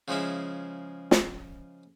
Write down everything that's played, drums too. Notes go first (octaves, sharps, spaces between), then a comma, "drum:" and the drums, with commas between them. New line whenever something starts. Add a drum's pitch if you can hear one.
C#3 F3 G#3 E4
drum: snare